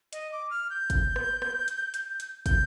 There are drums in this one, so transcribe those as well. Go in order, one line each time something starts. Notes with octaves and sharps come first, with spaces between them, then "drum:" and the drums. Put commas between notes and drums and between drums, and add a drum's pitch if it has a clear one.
D#5, drum: hi-hat
D6
F6
G6
drum: kick, hi-hat
drum: rim click
drum: rim click
drum: hi-hat
drum: hi-hat
drum: hi-hat
G6, drum: kick, hi-hat